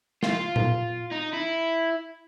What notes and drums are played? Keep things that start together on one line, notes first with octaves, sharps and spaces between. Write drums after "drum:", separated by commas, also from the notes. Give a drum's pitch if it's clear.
F4, drum: snare
drum: tom A#2
D#4
E4